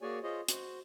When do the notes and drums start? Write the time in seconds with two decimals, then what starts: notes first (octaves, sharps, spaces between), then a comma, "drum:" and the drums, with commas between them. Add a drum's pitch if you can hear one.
0.01 A#3 F#4 G#4 C#5 D5 G#5
0.23 F4 G#4 C5 C#5 D#5
0.48 F#4 C5, drum: hi-hat